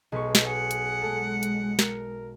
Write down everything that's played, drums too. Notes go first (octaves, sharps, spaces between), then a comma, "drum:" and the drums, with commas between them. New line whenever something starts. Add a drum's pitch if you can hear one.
B1 G#3 B4 C#6
drum: snare
G#4 F#5
drum: hi-hat
G#3 A4
drum: hi-hat
A#4, drum: snare